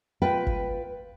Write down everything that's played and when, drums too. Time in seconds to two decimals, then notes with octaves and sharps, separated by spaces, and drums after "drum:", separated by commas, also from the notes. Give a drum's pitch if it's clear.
0.22 F4 B4 G5
0.47 drum: kick G1